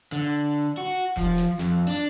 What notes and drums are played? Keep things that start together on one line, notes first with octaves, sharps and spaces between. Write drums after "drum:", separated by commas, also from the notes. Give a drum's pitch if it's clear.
D3
F#4
drum: hi-hat
F3, drum: kick E1, hi-hat
drum: snare
F2, drum: snare
D4